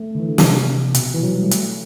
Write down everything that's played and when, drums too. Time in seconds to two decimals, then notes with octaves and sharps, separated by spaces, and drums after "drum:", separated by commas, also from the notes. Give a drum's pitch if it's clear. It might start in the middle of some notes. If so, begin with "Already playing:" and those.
Already playing: A3
0.15 D3
0.20 E3
0.29 D3
0.38 C3, drum: snare
0.95 B2, drum: hi-hat
1.14 E3
1.23 F#3
1.33 G3
1.42 A3
1.51 drum: hi-hat